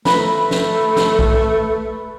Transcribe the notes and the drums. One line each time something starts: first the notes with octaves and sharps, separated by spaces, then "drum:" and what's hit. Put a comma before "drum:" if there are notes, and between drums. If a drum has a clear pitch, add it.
A3 B4 A#5, drum: snare
drum: snare
drum: snare
drum: kick